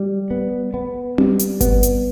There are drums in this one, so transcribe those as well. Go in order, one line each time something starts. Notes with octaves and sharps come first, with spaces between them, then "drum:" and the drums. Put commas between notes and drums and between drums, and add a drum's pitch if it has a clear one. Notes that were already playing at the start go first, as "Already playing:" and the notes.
Already playing: G3
B3
B3
G3, drum: tom C4
drum: hi-hat
B3, drum: kick G1, hi-hat
drum: hi-hat